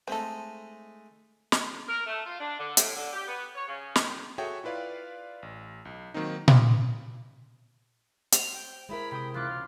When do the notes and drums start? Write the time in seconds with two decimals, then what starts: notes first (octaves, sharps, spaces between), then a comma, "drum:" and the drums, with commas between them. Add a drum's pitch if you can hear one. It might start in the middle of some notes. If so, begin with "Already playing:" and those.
0.08 G#3 A3 C4 D#4 A4
1.52 drum: snare
1.88 A#4
2.06 A3
2.26 F4
2.39 D4
2.58 D3
2.77 A2, drum: hi-hat
2.96 D3
3.13 G4
3.27 B3
3.55 C#5
3.68 C#3
3.96 D#3, drum: snare
4.38 F#4 G#4 A4 C#5 E5 G5
4.64 E4 F4 B4 D5 F5
5.42 A1
5.85 B1
6.14 D#3 F#3 A#3 C4 D#4
6.48 B5 C6 D6 D#6 F6, drum: tom A#2
8.32 C5 F7, drum: hi-hat
8.54 G5
8.89 G#3 E4 A#4 B5
9.11 C3 G5 B5 D#6
9.34 E1 C#2 F4 D6 F#6
9.49 F6